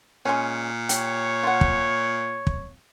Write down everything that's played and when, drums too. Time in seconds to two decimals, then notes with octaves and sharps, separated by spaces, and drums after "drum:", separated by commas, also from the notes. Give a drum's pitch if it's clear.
0.25 A#2 G#3 C#4
0.89 G4 C#5, drum: hi-hat
1.43 F4 F#5
1.61 drum: kick
2.47 drum: kick